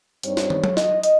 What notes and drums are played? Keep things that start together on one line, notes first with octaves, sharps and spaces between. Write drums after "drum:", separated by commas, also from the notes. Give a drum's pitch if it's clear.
G2 G3 C4 D#4 C#5, drum: hi-hat
drum: snare
drum: tom
drum: tom F#3
D#5, drum: snare
drum: hi-hat